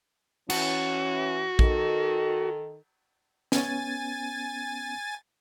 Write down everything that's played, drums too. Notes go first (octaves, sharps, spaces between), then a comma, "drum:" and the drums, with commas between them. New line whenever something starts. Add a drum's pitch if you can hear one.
E3 C#4 F#4, drum: cymbal
D#3 A4, drum: kick A#1
B3 C#4 G#5 A6, drum: snare